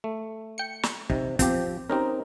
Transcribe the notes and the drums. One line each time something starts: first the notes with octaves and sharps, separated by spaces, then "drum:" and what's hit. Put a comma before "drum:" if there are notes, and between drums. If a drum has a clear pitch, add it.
A3
G5 C#7
drum: snare
C3 D#4, drum: kick
E2 F3 C4 G4, drum: kick, hi-hat
C4 C#4 D#4 G4 A#4